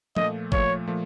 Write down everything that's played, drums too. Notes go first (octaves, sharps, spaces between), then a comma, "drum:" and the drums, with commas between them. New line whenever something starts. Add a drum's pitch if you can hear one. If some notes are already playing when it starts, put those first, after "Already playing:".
A#2 F3 A3 D#5, drum: tom F3
A#2 F3 A3 C#5, drum: kick
A#2 F3 A3